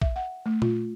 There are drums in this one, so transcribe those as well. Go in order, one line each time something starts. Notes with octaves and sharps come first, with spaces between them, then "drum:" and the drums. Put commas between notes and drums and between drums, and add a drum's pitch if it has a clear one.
E5, drum: kick A#1
F#5
A3
F4, drum: tom A#2